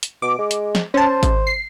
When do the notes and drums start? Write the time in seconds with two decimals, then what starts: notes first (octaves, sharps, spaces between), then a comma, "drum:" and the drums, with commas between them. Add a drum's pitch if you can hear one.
0.03 drum: hi-hat
0.22 B2 D6
0.39 G#3
0.51 drum: hi-hat
0.75 drum: snare
0.94 C#4 C5 A5
1.23 drum: kick G#1, hi-hat
1.47 C7